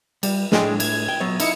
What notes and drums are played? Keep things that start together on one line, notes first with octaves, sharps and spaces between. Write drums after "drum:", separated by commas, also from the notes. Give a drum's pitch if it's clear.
G3, drum: cymbal
A2 G#3 D4 G5, drum: snare
G#6, drum: cymbal
G5
F#3 B3 C#5
D#4 E4 C#7, drum: cymbal